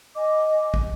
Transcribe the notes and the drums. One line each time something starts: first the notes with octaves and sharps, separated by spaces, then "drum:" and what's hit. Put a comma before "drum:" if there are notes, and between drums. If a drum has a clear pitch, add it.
D#5 G#5 D6
drum: kick